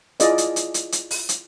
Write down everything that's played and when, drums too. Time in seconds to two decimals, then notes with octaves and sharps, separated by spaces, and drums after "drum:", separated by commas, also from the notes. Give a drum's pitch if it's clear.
0.20 E4 F4 G#4 D5 D#5, drum: hi-hat
0.38 drum: hi-hat
0.56 drum: hi-hat
0.74 drum: hi-hat
0.92 drum: hi-hat
1.11 drum: open hi-hat
1.29 drum: hi-hat